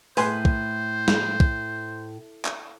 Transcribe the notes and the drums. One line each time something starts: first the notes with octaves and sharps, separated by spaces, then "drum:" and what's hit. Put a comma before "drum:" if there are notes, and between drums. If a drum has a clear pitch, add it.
A2 B4 C5 G#5 C6, drum: open hi-hat
drum: kick
drum: snare
drum: kick
drum: clap